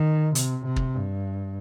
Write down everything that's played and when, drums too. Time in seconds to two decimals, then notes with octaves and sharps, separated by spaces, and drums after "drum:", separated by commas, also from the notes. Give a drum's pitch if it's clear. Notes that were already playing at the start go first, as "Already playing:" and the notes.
Already playing: D#3
0.35 C3, drum: hi-hat
0.65 C3
0.76 drum: kick
0.95 G2